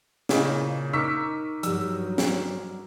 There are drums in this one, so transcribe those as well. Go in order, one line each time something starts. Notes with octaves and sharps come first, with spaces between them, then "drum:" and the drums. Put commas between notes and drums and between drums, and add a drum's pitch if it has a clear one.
A#2 C#3 A#3 E4 G#4 D#5, drum: snare
D#4 A#4 C#6 D6 E6 B6
G2 F3 F#3 G4 E6, drum: hi-hat
drum: snare